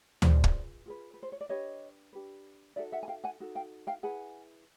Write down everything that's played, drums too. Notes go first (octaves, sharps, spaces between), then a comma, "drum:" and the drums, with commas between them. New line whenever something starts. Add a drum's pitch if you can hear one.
F4 G#4 B4 C5 D5, drum: tom D2
drum: kick
F4 G#4 B4
B4
C5
C#5
D5
D4 G4 B4 C#5 D#5
D4 G4 B4
D#4 F#4 A4 D5 E5
E5 F#5
G#5
F5 G5
F#5 G#5
D#4 F#4 A4
F5 G5
F5 G5
E4 G#4 B4 F#5 G#5